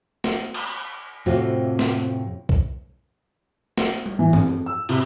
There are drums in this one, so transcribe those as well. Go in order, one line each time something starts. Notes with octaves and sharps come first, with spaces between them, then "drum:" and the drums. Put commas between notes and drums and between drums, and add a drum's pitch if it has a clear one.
drum: snare
drum: cymbal
F2 A2 C3 F4 F#4
drum: snare
drum: kick C2
drum: snare
drum: tom G3
E3
F2, drum: tom G2
E6
C3, drum: cymbal